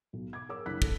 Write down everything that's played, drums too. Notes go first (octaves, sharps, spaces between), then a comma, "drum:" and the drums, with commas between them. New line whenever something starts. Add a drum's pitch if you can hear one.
B1
D6 G#6
G#4 A#4 C#5 D6 E6
F#1 C2 D4 F#6 B6
A4, drum: kick